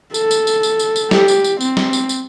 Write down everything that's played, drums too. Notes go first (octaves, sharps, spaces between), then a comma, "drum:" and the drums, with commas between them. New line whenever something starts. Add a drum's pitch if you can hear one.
A4, drum: tambourine
drum: tambourine
drum: tambourine
drum: tambourine
drum: tambourine
drum: tambourine
G4, drum: snare
drum: tambourine
drum: tambourine
C4, drum: tambourine
drum: snare
drum: tambourine
drum: tambourine